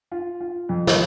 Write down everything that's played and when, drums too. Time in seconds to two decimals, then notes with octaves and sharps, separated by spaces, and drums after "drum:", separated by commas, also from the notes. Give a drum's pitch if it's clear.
0.12 F4
0.40 F4
0.69 F2
0.87 drum: snare